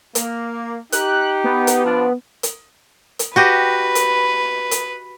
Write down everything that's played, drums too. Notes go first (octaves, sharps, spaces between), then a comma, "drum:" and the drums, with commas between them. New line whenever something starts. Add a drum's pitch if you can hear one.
A#3, drum: hi-hat
D#4 G4 F#6, drum: hi-hat
B3
drum: hi-hat
F3 D4 F4
drum: hi-hat
drum: hi-hat
F#4 G4 B4 D#5
drum: hi-hat
drum: hi-hat